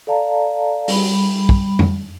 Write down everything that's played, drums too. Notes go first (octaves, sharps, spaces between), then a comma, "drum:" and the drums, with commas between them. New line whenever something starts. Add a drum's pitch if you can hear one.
A4 D5 F5 A5 A#5
G3 B5, drum: open hi-hat
drum: kick
drum: tom F2